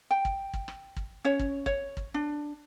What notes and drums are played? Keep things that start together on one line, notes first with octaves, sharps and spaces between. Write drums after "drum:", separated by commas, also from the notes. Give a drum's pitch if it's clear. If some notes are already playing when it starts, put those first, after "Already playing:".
G5
drum: kick
drum: kick
drum: rim click
drum: kick
C#4 C#5
drum: kick
C#5, drum: kick
drum: kick
D4